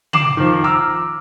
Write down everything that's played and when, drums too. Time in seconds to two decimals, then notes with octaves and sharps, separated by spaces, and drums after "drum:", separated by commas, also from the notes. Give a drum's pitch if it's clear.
0.13 D6 C7 E7 F#7, drum: tom C#3
0.37 D#3 F3
0.64 A#5 D6 E6 F6